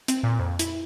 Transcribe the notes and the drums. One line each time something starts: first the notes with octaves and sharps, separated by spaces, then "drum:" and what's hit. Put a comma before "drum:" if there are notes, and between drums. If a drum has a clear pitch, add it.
C4, drum: hi-hat
A#2
F2
E4, drum: hi-hat